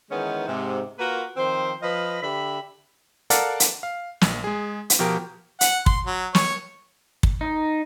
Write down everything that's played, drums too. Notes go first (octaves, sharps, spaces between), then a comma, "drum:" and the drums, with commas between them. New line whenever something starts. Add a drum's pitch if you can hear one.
D#3 E3 G#3 B3 C#4 D#4
G#2 C3
A#3 F4 F#4 A#4 B4
D#3 F3 C4 C5
F3 B4 D#5 F5 B5
D3 G4 E5 B5
A4 A#4 D5 F5 F#5 A5, drum: hi-hat
drum: hi-hat
F5
A#1, drum: snare
G#3 G#4
drum: hi-hat
B2 F3 G4 A#4
F#5, drum: hi-hat
C6, drum: kick
F#3
C#5, drum: snare
drum: kick
D#4